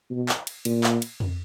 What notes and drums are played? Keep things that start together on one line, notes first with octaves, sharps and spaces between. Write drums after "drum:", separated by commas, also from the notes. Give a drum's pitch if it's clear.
B2
drum: clap
drum: cymbal
A#2, drum: cymbal
drum: clap
drum: cymbal
drum: tom F2